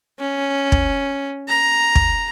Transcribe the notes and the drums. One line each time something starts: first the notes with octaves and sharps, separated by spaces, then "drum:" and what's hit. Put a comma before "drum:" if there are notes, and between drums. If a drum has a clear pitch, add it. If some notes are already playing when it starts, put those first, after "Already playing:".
C#4
drum: kick
A#5
drum: kick